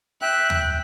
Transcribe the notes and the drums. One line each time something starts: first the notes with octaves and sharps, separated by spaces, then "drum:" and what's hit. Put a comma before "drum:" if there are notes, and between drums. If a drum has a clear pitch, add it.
E5 G5 F#6
drum: tom